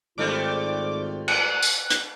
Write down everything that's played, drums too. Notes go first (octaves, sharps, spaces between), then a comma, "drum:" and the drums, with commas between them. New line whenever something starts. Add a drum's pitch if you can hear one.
G#1 G#2 G3 A3 F4 D6
F#6, drum: cymbal
drum: tambourine
drum: hi-hat